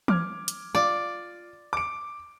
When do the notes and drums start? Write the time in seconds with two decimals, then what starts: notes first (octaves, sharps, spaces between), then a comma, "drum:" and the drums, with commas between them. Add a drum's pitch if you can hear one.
0.08 D6 F6 G#6, drum: tom E3
0.48 drum: hi-hat
0.75 F4 D5
1.73 D6 D7